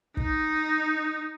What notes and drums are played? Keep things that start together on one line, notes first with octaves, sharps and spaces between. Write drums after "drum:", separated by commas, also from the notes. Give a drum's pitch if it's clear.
D#4, drum: kick